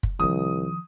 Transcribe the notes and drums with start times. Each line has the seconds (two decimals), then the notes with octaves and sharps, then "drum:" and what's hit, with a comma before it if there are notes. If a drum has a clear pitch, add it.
0.03 drum: kick
0.20 C2 D#3 F3 D#6